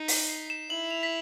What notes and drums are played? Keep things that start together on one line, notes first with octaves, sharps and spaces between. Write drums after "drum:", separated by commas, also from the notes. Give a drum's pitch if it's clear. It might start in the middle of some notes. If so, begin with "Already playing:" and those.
Already playing: D#4
B6, drum: open hi-hat
C7
E7
E4 F#7
F7
B6